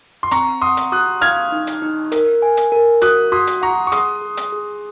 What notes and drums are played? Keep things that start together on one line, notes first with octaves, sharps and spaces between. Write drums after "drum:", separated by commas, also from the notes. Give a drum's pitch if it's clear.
C6
C4 A#5 C#6, drum: hi-hat
F#5 C6 D#6
drum: hi-hat
F#4 D#6 F#6
F5 F6 G#6, drum: hi-hat
D#4
drum: hi-hat
D#4
A#4, drum: hi-hat
G#5
drum: hi-hat
A#4
F#4 D#6 F#6, drum: hi-hat
F#4 C6 D#6
drum: hi-hat
F#5 A#5 C#6
C#6
G#4 C6 D#6, drum: hi-hat
G#4
drum: hi-hat
G#4